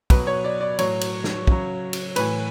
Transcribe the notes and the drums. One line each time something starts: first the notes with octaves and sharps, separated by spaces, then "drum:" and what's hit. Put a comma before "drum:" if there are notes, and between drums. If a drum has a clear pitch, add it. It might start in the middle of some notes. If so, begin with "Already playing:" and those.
B2 F#3 B4, drum: kick, cymbal
C#5
D5
D5
A2 F#3 C#5, drum: cymbal
drum: cymbal
drum: snare
C#3 F#3, drum: kick
drum: cymbal
A2 E3 B4, drum: cymbal